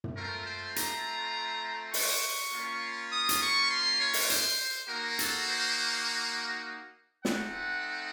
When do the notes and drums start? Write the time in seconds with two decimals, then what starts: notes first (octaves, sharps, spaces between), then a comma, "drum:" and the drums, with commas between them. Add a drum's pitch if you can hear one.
0.04 drum: tom
0.17 A3 C4 F4 A#4
0.47 C5
0.76 A#5, drum: hi-hat
1.94 C#6, drum: open hi-hat
2.53 A#3 C#4 F4
3.12 D#6
3.29 drum: hi-hat
3.42 C#6
3.71 C6
4.00 C#5
4.14 drum: open hi-hat
4.30 C5, drum: hi-hat
4.89 A#3 D#4 F#4 A#4
5.19 A4, drum: hi-hat
5.48 C5
7.25 A3 C4 D#4 F#5, drum: snare